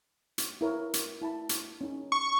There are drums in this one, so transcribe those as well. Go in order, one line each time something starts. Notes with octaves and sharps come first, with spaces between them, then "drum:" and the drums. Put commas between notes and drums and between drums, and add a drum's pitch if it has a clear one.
drum: hi-hat
E4 A#4 C#5
drum: hi-hat
E4 A5 B5
drum: hi-hat
C#4 D#4
C#6